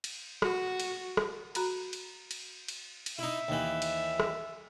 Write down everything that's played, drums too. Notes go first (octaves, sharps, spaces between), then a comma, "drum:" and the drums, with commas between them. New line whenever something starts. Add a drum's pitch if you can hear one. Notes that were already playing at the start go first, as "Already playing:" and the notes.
drum: cymbal
F#4, drum: rim click
drum: cymbal
drum: rim click
F#4 A#5 B5, drum: cymbal
drum: cymbal
drum: cymbal
drum: cymbal
drum: cymbal
D#4 E4 E5
D#2 E3
drum: cymbal
drum: rim click